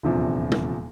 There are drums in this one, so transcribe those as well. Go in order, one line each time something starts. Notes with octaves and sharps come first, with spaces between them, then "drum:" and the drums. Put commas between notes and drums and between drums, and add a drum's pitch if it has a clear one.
D#1 E2 C3 F3 D4
drum: tom